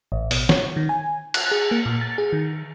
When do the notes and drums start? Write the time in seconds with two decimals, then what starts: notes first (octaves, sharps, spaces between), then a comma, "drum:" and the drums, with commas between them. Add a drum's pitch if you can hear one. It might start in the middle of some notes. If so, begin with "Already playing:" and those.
0.12 A1
0.31 B2, drum: open hi-hat
0.49 C#5, drum: snare
0.77 D#3
0.89 G#5
1.34 F#6, drum: cymbal
1.51 G#4
1.71 A#3
1.86 A#2
2.01 A6
2.18 G#4
2.33 D#3